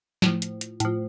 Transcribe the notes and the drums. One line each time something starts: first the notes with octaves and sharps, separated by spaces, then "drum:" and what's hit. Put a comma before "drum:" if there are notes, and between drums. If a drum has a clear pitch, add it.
A2 F3, drum: snare
drum: hi-hat
drum: hi-hat
A2 F3, drum: hi-hat